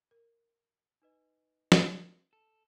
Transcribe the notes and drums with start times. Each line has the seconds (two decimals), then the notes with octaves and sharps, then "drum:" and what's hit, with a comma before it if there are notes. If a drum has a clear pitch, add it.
0.11 A#4
1.02 D#4 B4 D#5
1.72 drum: snare
2.33 A4